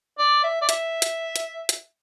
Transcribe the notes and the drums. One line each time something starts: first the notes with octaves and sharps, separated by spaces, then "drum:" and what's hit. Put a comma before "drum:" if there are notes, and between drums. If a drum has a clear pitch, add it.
D5
E5
D5
E5, drum: hi-hat
drum: hi-hat
drum: hi-hat
drum: hi-hat